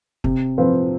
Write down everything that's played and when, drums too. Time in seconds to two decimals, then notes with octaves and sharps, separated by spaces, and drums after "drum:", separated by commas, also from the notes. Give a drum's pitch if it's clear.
0.24 C3, drum: kick
0.58 F3 C4 F4 B4